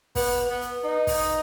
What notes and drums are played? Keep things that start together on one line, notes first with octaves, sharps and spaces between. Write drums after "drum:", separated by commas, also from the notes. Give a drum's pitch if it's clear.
B3, drum: kick, open hi-hat
B3
drum: hi-hat
D#4
drum: kick, open hi-hat